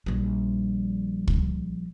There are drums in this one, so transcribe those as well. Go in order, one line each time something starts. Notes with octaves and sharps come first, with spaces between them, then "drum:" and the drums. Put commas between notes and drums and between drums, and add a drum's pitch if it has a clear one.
A#1 G3
drum: kick